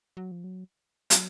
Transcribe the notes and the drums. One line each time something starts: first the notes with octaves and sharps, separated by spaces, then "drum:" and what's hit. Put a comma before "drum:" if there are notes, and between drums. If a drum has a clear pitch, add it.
F#3
F3
F#3
F#3, drum: hi-hat